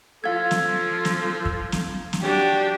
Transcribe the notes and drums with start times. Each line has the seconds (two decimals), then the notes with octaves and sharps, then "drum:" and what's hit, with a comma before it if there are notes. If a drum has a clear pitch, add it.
0.24 F3 F4 A4 F5 G#6
0.51 drum: snare
1.05 drum: snare
1.45 drum: kick
1.72 drum: snare
2.13 drum: snare
2.23 D4 F#4 G4